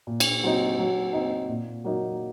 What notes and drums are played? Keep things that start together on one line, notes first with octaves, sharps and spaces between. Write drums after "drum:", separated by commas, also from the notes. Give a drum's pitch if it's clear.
A#2
drum: cymbal
F#3 C4 D#4
F#3
C4 D#4
A#2
F#3 A#3 D#4